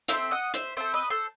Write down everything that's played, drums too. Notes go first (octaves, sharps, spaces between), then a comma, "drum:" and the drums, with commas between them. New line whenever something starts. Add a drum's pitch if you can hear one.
C4 E4 A4 C5 E5, drum: hi-hat
D#5 F#5
C5 E5, drum: hi-hat
C4 E4 A4 C5 E5
B4 D#5
A4 C5